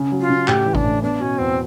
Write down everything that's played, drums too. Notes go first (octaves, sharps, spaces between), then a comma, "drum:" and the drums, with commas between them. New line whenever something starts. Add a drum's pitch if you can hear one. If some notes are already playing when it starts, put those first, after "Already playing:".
Already playing: C#3
F#3
F4
C#3
A2 G4, drum: clap
E3
D4, drum: kick G#1
A2
B3 D4
B2 C#4
E2 C4